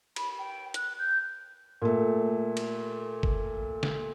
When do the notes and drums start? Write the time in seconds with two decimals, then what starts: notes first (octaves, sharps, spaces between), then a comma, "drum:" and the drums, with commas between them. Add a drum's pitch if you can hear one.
0.16 B5, drum: cymbal
0.38 G5
0.74 F#6, drum: hi-hat
0.98 G6
1.82 A#2 A3
2.57 drum: cymbal
3.23 drum: kick
3.83 drum: snare